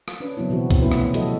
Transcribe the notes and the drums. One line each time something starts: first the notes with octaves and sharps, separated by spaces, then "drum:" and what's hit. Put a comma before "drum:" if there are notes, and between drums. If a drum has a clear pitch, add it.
drum: rim click
C#4 D4 B4
C#3 F#3 B3 C4 E4
B2 E3 F3 C4 F#4
drum: kick C#2, hi-hat
C3 A3 B3 C#4 E4 B4
drum: rim click
F#3 F#4 A4 D#5, drum: hi-hat